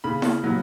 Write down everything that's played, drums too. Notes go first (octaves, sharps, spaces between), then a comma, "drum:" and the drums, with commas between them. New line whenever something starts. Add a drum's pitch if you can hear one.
C#3 B5
drum: snare E4
F#3 B3